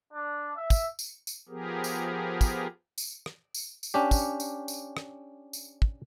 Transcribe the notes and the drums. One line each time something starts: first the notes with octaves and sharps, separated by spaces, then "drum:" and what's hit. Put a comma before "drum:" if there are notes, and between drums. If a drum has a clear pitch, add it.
D4
E5
drum: kick, tambourine
drum: tambourine
drum: tambourine
F3 B3 G4 G#4 A#4
drum: tambourine
drum: kick, tambourine
drum: tambourine
drum: rim click
drum: tambourine
drum: tambourine
C#4 D4 G4
drum: kick, tambourine
drum: tambourine
drum: tambourine
drum: rim click
drum: tambourine
drum: kick